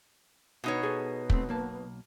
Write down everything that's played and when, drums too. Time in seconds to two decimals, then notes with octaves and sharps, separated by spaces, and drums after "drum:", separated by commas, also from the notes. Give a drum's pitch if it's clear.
0.64 B2 B3 D#4 C#5
0.83 B3 G#4 A4
1.30 A3 C4, drum: kick
1.49 B1 A#3 A5